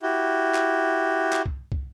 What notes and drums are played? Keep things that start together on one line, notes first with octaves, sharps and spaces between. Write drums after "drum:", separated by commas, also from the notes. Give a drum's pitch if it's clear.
E4 F#4 G4
drum: clap
drum: clap
drum: kick
drum: kick